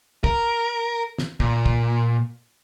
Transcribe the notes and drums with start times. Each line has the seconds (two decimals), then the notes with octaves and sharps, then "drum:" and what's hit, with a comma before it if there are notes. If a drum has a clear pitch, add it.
0.24 A#4, drum: kick
1.18 drum: snare
1.40 A#2, drum: kick
1.66 drum: kick